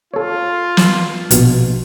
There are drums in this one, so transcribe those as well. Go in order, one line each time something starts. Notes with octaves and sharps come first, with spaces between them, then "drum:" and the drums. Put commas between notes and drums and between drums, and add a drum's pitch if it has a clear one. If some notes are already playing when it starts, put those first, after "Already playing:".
F4 A4 C#5
drum: snare
A#1 B2, drum: hi-hat